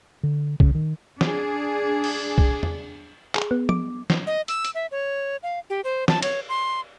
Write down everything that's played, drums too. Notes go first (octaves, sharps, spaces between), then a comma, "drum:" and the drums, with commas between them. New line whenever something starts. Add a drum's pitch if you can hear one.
D3
C#3, drum: kick C2
D#3
D4 G#4, drum: snare
drum: cymbal
drum: kick C2
drum: tom
G#4, drum: clap
B3
D6, drum: tom F3
drum: snare
D#5
E6, drum: hi-hat
drum: hi-hat
E5
C#5
F5
G4
C5
A5, drum: snare
C#5, drum: cymbal
C6